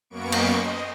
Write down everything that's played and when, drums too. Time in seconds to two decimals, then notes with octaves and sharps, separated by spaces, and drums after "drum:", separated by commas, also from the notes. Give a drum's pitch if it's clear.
0.10 F#2 A#3 B3 C#6 D7
0.32 drum: cymbal
0.57 D#5